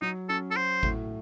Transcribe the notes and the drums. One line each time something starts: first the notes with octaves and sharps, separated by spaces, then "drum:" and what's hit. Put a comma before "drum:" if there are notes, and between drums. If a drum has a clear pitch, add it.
F#3 D#4
C#4 A4
A4
F#4 C5
A2, drum: kick G#1